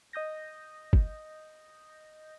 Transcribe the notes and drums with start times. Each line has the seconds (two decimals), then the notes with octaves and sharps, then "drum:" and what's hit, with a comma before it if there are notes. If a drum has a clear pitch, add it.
0.13 D#5 D#6 G6 A#6
0.93 drum: kick